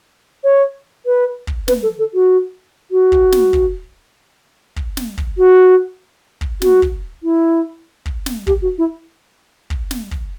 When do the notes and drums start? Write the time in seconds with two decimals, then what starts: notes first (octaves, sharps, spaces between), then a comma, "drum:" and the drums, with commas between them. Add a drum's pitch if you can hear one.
0.44 C#5
1.06 B4
1.47 drum: kick
1.68 B4, drum: snare
1.83 A4
1.99 A4
2.14 F#4
2.91 F#4
3.12 drum: kick
3.32 drum: snare
3.53 drum: kick
4.76 drum: kick
4.97 drum: snare
5.18 drum: kick
5.38 F#4
6.41 drum: kick
6.62 F#4, drum: snare
6.82 drum: kick
7.23 E4
8.06 drum: kick
8.26 drum: snare
8.47 G4, drum: kick
8.62 F#4
8.78 E4
9.70 drum: kick
9.91 drum: snare
10.11 drum: kick